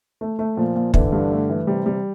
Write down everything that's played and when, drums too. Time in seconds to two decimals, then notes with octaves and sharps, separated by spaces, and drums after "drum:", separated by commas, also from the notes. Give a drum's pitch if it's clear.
0.21 A3
0.39 A3
0.57 A#2 F3
0.76 A#2
0.94 D3 E3, drum: kick
1.12 G2
1.31 A3
1.50 E3
1.67 C3 G3
1.86 G3